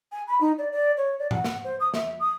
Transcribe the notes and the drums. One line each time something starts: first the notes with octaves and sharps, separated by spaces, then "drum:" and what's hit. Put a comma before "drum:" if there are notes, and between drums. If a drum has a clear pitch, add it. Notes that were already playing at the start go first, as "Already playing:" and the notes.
G#5
B5
D#4
D5
D5
C#5
D5
F#5, drum: tom G#2
drum: snare
C5
D#6
E5, drum: snare
D#6